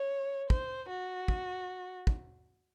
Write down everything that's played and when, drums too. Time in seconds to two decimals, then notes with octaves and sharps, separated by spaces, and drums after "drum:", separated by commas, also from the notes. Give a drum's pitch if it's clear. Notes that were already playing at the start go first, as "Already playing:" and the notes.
Already playing: C#5
0.50 C5, drum: kick
0.90 F#4
1.28 drum: kick
2.07 drum: kick